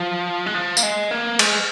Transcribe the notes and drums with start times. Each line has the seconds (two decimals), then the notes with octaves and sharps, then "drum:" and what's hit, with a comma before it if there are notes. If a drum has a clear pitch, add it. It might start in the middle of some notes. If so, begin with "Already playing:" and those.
Already playing: F3
0.46 G#3
0.55 F3
0.77 A#3, drum: tambourine
0.83 G#3
1.11 A#3
1.39 G#3, drum: cymbal